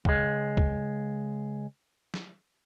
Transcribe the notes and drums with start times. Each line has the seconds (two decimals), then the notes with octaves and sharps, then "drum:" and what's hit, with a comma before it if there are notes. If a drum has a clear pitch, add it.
0.05 C#2 G#3, drum: kick
0.57 drum: kick
2.14 drum: snare